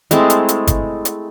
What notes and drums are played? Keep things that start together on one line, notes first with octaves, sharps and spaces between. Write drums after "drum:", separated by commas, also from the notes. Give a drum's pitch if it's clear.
G#3 A3 C4 E4, drum: hi-hat
drum: hi-hat
drum: hi-hat
drum: kick G1, hi-hat
drum: hi-hat